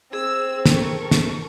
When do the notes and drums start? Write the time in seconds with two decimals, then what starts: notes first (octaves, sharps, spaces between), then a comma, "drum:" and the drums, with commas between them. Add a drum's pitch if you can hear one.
0.13 C4 G#4 E6
0.66 A4 A#4 C#6, drum: snare
1.11 drum: snare